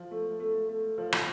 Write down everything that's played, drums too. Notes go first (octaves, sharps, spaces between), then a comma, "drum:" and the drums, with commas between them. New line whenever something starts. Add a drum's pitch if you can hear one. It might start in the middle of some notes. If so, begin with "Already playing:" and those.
Already playing: F3
A3
A3
A3
F3
drum: rim click